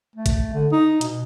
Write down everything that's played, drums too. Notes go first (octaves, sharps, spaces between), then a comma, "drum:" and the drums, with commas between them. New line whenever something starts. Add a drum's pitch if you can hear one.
A3
drum: kick A1, hi-hat
D3
D#4
B2, drum: hi-hat